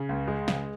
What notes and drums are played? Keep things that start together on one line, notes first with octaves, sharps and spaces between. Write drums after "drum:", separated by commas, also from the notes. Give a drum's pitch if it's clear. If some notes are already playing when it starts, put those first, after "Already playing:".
Already playing: C#3
C#2
G#3
C#3, drum: snare